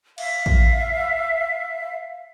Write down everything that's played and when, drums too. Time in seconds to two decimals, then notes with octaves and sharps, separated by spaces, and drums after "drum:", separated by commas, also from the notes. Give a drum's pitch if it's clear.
0.18 E5 F5, drum: cymbal
0.46 drum: kick